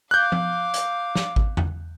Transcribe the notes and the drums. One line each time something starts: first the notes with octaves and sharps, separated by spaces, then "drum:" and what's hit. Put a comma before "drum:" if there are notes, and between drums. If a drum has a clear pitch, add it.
F5 D6 F#6 G6
drum: tom F3
drum: hi-hat
drum: snare
drum: kick G#1
drum: tom E2